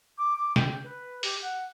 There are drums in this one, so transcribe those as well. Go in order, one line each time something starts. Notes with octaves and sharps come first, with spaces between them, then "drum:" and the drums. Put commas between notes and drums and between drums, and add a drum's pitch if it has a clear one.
D6
D6
G5, drum: snare
B4
G4, drum: open hi-hat
F#5